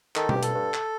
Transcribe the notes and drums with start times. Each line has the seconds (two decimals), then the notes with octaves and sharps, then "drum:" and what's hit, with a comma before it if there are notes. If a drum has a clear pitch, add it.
0.16 D#3 A4, drum: clap
0.29 G4, drum: tom
0.35 G2
0.43 A4, drum: hi-hat
0.55 G2
0.74 drum: clap